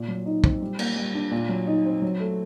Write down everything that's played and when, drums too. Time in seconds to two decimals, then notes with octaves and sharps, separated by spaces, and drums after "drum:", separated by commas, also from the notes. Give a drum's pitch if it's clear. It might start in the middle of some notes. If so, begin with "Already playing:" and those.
Already playing: A#2
0.08 F#3
0.26 D#4
0.44 C4, drum: kick
0.62 G3
0.79 A#3, drum: cymbal
0.96 G3
1.14 D4
1.31 A#2
1.49 F#3
1.67 D#4
1.85 C4
2.02 F#3
2.20 A3